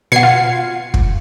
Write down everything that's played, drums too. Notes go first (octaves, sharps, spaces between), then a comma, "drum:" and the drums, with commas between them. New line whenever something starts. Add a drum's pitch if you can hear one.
B2 F#5 G#6 C7 C#7
F4
drum: kick